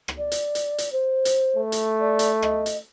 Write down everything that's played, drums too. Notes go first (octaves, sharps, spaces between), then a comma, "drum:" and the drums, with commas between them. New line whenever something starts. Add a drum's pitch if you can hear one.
drum: rim click
D5
drum: hi-hat
drum: hi-hat
drum: hi-hat
C5
drum: hi-hat
A3
drum: hi-hat
D5
drum: hi-hat
D#5, drum: rim click
drum: hi-hat